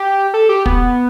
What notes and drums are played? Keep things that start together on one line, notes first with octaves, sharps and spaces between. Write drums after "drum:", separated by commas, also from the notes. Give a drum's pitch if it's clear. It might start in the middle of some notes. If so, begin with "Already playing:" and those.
Already playing: G4
A4
G4
B3, drum: kick